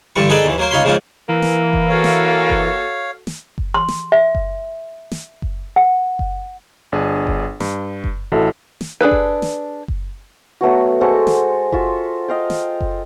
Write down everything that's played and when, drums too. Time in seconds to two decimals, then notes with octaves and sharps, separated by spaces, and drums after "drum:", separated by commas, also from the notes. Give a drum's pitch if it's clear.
0.16 G2 D3 E3 G3 C#6
0.30 D#4 G#4 A4 B4 D5 D#5
0.45 D#2 E3
0.58 F#3 A#3 C5
0.71 C#2 D#4 F4 C#5 B5 C6
0.84 G#2 C#3 F3 A#3 D#4
1.29 E3 A#3
1.42 drum: snare
1.73 drum: kick F#1
1.89 F#4 A4 C#5 F5
2.04 drum: snare
2.50 drum: kick F#1
3.27 drum: snare
3.58 drum: kick F#1
3.74 C6
3.88 drum: snare
4.12 E5
4.35 drum: kick F#1
5.12 drum: snare
5.42 drum: kick F#1
5.76 F#5
6.19 drum: kick F#1
6.92 G1 D4 G#4
7.27 drum: kick F#1
7.60 G2, drum: snare
8.04 drum: kick F#1
8.32 A1 E4 F#4 A4
8.81 drum: snare
9.01 D4 G#4 A4 B4
9.11 drum: kick F#1
9.42 drum: snare
9.88 drum: kick F#1
10.61 F#3 A3 B3 F#4
11.01 G#3 F#4 A4 C5
11.27 drum: snare
11.72 F4 F#4 E5, drum: kick F#1
12.28 D#5 F5 G5
12.50 drum: snare
12.81 drum: kick F#1